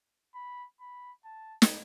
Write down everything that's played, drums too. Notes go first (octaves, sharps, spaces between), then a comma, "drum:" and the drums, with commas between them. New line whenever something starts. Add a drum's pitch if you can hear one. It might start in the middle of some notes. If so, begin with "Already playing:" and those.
B5
B5
A5
drum: snare